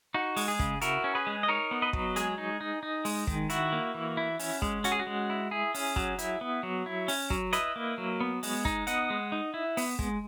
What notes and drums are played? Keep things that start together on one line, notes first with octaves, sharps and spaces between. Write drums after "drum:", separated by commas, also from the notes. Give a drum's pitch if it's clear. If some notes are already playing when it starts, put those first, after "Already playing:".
D#4 F#4
G#3, drum: open hi-hat
G#4
C#3, drum: kick
E4 F#4 A#4, drum: hi-hat
C#4
G#4 B4
G#3
D#5
D#4 A#4 C#5
B3
B4 D#5
F#3, drum: kick
G#3 G#4, drum: hi-hat
D#4
D#4
D#4
G#3, drum: open hi-hat
D#3, drum: kick
E4 F#4, drum: hi-hat
A#3
E3
E4
C#4, drum: open hi-hat
G#3, drum: kick
C#4 F#4, drum: hi-hat
G#4
F#4
G#3
E4
E4 G#4
C#4, drum: open hi-hat
F#3, drum: kick
E4, drum: hi-hat
B3
F#3
E4
C#4, drum: open hi-hat
F#3, drum: kick
E4 B4 D#5, drum: hi-hat
A#3
F#3
B3
G#3, drum: open hi-hat
D#4, drum: kick
B3 D#5 F#5, drum: hi-hat
G#3
D#4
E4
B3, drum: open hi-hat
G#3, drum: kick